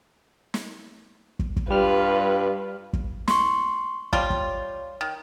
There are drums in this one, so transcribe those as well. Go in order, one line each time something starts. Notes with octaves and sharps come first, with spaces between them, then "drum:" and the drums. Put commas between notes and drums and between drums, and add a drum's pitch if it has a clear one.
drum: snare
drum: kick
drum: kick
G2 G3 F4 B4 F6
drum: kick
C6 C#6, drum: snare
F3 G3 F4 C#5, drum: kick
drum: kick
D#3